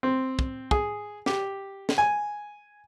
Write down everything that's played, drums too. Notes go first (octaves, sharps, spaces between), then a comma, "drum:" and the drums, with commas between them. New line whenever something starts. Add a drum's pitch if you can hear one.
C4
drum: kick
G#4, drum: kick
G4, drum: snare
drum: snare
G#5